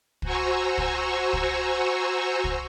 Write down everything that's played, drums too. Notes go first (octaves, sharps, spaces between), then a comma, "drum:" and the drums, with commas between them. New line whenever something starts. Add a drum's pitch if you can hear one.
F#4 C5 G#5 A#5 C#6 E6, drum: kick
drum: kick
drum: kick
drum: kick